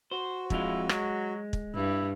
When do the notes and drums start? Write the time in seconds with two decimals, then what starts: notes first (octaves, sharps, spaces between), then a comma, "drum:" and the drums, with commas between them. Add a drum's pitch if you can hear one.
0.11 F#4 C5
0.50 F2 G#3 E4 F4, drum: kick
0.89 F#3 G#3, drum: rim click
1.53 drum: kick
1.75 G2 E4